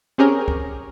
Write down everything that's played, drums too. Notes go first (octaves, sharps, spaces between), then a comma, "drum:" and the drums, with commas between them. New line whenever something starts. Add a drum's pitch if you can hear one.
C4 C#4 G4 G#4 A#4 C#5
drum: kick C#2